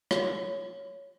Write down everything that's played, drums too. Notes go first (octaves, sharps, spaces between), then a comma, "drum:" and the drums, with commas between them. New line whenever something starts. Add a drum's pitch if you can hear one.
C#5, drum: rim click